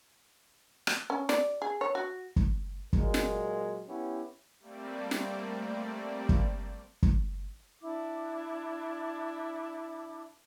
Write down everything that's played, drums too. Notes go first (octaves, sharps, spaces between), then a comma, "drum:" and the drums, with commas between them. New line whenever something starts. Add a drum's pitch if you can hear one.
drum: rim click
C#4
D5, drum: snare
G#4
C#5
F#4
drum: kick
A#2 F#3 G#3 A#4, drum: kick
drum: snare
B3 C#4 E4 G4
G3 A3 A#3 C4 D5
drum: snare
drum: kick
drum: kick
D4 E4 D6